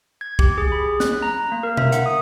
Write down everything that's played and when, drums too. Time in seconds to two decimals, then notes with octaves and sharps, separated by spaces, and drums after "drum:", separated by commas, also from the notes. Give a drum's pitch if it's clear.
0.21 G#6
0.39 G4, drum: kick
0.58 G#4
0.72 B5
1.00 F#6, drum: snare
1.23 A#5
1.52 A#3
1.63 A#4
1.77 E5, drum: tom B2
1.92 F#5, drum: hi-hat
2.06 D#6